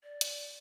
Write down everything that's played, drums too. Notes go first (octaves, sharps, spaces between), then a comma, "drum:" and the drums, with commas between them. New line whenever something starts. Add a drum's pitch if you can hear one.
D5
drum: hi-hat